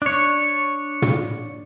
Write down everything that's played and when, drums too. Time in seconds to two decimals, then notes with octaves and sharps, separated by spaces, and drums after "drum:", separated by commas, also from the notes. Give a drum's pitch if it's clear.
0.02 D4 C#5
1.02 drum: tom